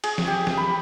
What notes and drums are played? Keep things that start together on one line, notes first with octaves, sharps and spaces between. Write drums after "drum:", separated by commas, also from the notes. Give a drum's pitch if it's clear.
G#4, drum: cymbal
drum: snare
G4
drum: snare
B5